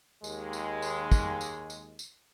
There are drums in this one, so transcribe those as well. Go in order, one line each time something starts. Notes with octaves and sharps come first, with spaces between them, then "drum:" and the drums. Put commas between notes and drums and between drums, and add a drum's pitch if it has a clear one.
D#2 G#3, drum: tambourine
drum: tambourine
drum: tambourine
drum: kick, tambourine
drum: tambourine
drum: tambourine
drum: tambourine